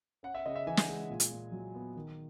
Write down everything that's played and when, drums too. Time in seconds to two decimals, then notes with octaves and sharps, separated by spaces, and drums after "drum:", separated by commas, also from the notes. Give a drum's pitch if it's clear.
0.23 C#4 F#5
0.34 E5
0.46 C#3 D#5
0.55 E5
0.67 E3 G#5
0.77 drum: snare
0.88 G#3
1.10 A#2
1.20 drum: hi-hat
1.31 A#2
1.52 F#3
1.75 B3
1.96 D#3